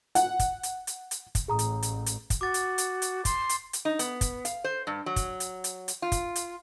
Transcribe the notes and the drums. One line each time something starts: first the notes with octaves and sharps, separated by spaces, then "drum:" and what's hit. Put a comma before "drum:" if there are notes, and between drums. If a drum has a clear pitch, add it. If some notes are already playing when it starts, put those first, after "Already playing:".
F#5, drum: hi-hat
drum: kick, hi-hat
drum: hi-hat
drum: hi-hat
drum: hi-hat
drum: kick, hi-hat
A1 G#4 A#5 D#6
drum: hi-hat
drum: hi-hat
drum: hi-hat
drum: kick, hi-hat
F#4 D6 A6
drum: hi-hat
drum: hi-hat
drum: hi-hat
C6, drum: kick, hi-hat
drum: hi-hat
drum: hi-hat
D#4
B3, drum: hi-hat
drum: kick, hi-hat
F5, drum: hi-hat
C5
G2
F#3
drum: kick, hi-hat
drum: hi-hat
drum: hi-hat
drum: hi-hat
F4
drum: kick, hi-hat
drum: hi-hat